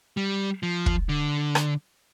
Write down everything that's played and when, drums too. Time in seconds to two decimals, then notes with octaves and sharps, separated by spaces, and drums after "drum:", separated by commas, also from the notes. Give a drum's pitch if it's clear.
0.17 G3
0.63 F3
0.86 drum: kick
1.09 D3
1.55 drum: rim click